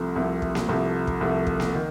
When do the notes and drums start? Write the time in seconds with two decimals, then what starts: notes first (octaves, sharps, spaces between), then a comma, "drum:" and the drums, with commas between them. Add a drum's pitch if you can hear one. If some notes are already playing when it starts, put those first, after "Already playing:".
Already playing: C2 C3 F3 A3
0.16 C2 C3 F3 A3
0.42 drum: kick
0.55 drum: snare A#3
0.68 C2 C3 F3 A3
1.07 drum: kick
1.21 C2 C3 F3 A3
1.47 drum: kick
1.60 drum: snare A#3
1.75 D#3